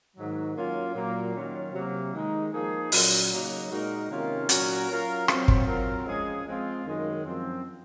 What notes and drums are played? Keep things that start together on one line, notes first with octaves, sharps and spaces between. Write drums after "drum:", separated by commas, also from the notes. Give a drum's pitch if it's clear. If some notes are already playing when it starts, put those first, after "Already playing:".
G#2 D#3 F#3
F#3 A#3 C#4 F4
A#2 F#3 A#3
D#3 F#3 C#4 F4
C3 F#3 A#3
D#3 G#3 D#4
F3 A#3 D#4 G#4
A#2 F#3 C#4, drum: open hi-hat
C#3 F#3 A#3 D#4
A#2 G#3 D#4 F#4 A#4
C3 D#3 A#3 C#4 F4
A#2 F#3 C#4 F#4 A#4, drum: hi-hat
F#3 C#4 F4 A#4
F#3 C4 F4, drum: rim click
drum: kick
F#3 C4 F4 A#4
F3 G#3 C#4 G#4
F3 G#3 C4 F4
F#2 D#3 G#3
F#2 F3 C4